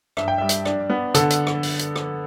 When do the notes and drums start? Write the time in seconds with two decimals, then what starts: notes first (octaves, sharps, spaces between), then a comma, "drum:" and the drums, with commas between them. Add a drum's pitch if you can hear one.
0.17 G2 E5, drum: rim click
0.28 G5
0.38 G3 E5
0.49 drum: hi-hat
0.65 D4, drum: rim click
0.90 B3
1.14 D3 A4, drum: hi-hat
1.30 drum: hi-hat
1.47 drum: rim click
1.63 drum: open hi-hat
1.79 drum: hi-hat
1.96 drum: rim click